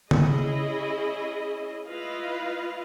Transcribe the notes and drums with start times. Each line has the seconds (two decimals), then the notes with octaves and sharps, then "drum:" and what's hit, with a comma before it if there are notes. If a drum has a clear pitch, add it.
0.11 C#4 E4 G#4 D#5, drum: tom C#3
1.87 E4 F4 B4 D#5 F5